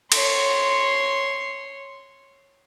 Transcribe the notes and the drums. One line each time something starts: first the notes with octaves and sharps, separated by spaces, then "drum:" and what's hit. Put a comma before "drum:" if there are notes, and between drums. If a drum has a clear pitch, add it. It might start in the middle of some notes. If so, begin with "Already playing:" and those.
C#5 C6, drum: cymbal